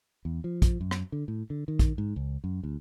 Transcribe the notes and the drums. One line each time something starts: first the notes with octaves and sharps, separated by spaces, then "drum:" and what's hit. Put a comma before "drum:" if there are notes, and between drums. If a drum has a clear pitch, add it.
E2
F3
drum: kick A#1, hi-hat
F#2
drum: rim click
D3
A2
D3
D#3
drum: kick A#1, hi-hat
G#2
C#2
F#2
D2